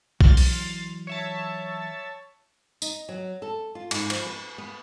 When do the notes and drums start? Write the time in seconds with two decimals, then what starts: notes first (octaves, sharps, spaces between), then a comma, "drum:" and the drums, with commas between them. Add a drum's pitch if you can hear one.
0.21 E3 F#3 D5 C6 F6 A6, drum: kick B1
0.37 drum: open hi-hat
1.07 C#5 E5 A5
2.82 D#4, drum: tambourine
3.09 F#3
3.42 A4
3.75 F4
3.91 G#2, drum: cymbal
4.10 F3, drum: cymbal
4.27 B4
4.58 B3